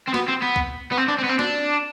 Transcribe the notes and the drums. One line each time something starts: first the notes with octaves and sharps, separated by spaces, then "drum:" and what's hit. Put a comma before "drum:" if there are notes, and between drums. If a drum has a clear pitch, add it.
C4
B3, drum: snare
C4
B3
drum: kick
B3
C4
D4
C4
B3
C4
D4, drum: snare